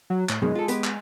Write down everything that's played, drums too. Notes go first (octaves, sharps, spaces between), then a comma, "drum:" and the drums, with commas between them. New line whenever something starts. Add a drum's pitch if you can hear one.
F#3
A2, drum: clap
F#2 B2 D#3 G#3
F4 A4
B3 G4 B4, drum: hi-hat
drum: clap